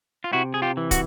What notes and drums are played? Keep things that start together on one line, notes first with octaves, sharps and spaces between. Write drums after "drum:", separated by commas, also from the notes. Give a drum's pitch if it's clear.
F4
C3 E4 F#4
G#4
F4 G4
E3
F#4, drum: kick, hi-hat